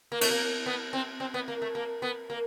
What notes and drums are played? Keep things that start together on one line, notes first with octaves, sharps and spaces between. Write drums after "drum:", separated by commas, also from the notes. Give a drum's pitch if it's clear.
A#3
A3, drum: cymbal
A#3
B3
C4
C4
B3
A#3
A3
A#3
B3
A#3